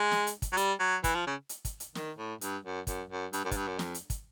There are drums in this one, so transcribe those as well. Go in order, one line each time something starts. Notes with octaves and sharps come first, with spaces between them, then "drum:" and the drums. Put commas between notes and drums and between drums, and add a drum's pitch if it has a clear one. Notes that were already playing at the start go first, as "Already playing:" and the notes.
Already playing: G#3
drum: snare
drum: hi-hat
drum: kick, hi-hat
F#3
G3, drum: hi-hat
F#3
E3, drum: kick, hi-hat
F3
C#3
drum: hi-hat
drum: kick, hi-hat
drum: hi-hat
D#3, drum: snare
A2
G2, drum: hi-hat
F#2
F#2, drum: kick, hi-hat
F#2
G2, drum: hi-hat
F#2
G#2, drum: kick, hi-hat
G2
F#2
F2, drum: snare
drum: hi-hat
drum: kick, hi-hat